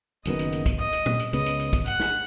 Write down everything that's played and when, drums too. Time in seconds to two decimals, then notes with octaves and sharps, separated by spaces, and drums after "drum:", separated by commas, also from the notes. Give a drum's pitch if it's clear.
0.25 F#1 F#2 D#3 B3 D#5, drum: hi-hat
0.39 drum: hi-hat
0.52 drum: hi-hat
0.66 drum: kick, hi-hat
0.79 D#5, drum: tom E2
0.93 drum: hi-hat
1.06 drum: tom A#2
1.19 drum: hi-hat
1.33 C#2 C#3 B3 D#5, drum: hi-hat
1.46 drum: hi-hat
1.60 drum: hi-hat
1.73 drum: kick, hi-hat
1.86 F#5, drum: hi-hat
2.00 drum: snare